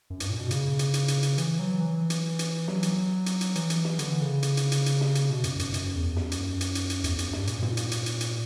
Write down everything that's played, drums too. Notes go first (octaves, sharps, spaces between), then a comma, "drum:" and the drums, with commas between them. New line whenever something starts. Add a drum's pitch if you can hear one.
F#2
G2, drum: hi-hat
A#2
B2
C#3, drum: hi-hat
drum: hi-hat
drum: hi-hat
drum: hi-hat
drum: hi-hat
E3, drum: hi-hat
F#3
E3
drum: hi-hat
drum: hi-hat
F#3, drum: snare
drum: hi-hat
drum: hi-hat
drum: hi-hat
E3, drum: hi-hat
drum: hi-hat
drum: snare
D3, drum: hi-hat
C#3
drum: hi-hat
drum: hi-hat
drum: hi-hat
drum: hi-hat
drum: snare
drum: hi-hat
B2
F#2, drum: hi-hat
F#2, drum: hi-hat
F#2, drum: hi-hat
E2
F#2, drum: snare
drum: hi-hat
drum: hi-hat
drum: hi-hat
drum: hi-hat
E2, drum: hi-hat
F#2, drum: hi-hat
G2, drum: snare
A#2, drum: hi-hat
drum: tom G#2
drum: hi-hat
drum: hi-hat
drum: hi-hat
drum: hi-hat